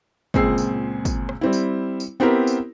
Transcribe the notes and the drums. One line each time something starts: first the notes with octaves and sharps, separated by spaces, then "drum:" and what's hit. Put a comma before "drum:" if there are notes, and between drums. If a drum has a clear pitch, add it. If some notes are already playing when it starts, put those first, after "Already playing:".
C#2 A#2 C4 G#4 E6 C7, drum: kick
drum: tambourine
drum: kick, tambourine
drum: rim click
G3 C4 E4
drum: tambourine
drum: tambourine
B3 C4 E4 G4 A#4
drum: tambourine